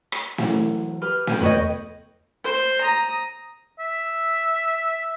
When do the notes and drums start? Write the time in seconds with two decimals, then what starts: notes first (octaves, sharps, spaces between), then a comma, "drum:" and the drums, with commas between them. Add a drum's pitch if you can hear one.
0.12 drum: rim click
0.38 E3 F#3 E4, drum: snare
1.02 G4 B4 F6
1.27 A4 G5 G#5, drum: snare
1.41 B3 B4 C#5 D#5 G5, drum: tom E2
2.44 C5
2.81 A#5 D#6
3.79 E5